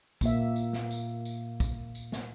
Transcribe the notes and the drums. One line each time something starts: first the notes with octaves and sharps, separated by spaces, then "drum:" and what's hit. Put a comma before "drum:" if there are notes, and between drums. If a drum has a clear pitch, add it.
A#2 A#3 E5, drum: kick, tambourine
drum: tambourine
drum: snare
drum: tambourine
drum: tambourine
drum: kick, tambourine
drum: tambourine
drum: snare